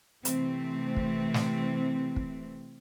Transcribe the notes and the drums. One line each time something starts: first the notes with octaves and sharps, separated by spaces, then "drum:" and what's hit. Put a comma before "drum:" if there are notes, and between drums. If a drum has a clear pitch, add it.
C3 E3 A3 C4, drum: hi-hat
drum: kick
drum: snare
drum: kick